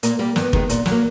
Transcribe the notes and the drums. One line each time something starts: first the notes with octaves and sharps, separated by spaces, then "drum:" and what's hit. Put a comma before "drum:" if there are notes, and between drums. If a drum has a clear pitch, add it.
A#2 A#3, drum: hi-hat
G3 A#3
G2 B3, drum: snare
D#3 G#3, drum: kick
A#2, drum: hi-hat
F#3, drum: snare
A#3